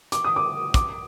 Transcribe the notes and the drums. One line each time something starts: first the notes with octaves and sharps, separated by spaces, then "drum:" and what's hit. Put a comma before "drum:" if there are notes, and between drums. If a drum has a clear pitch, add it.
D6, drum: hi-hat
D#6
D6
D6, drum: kick, hi-hat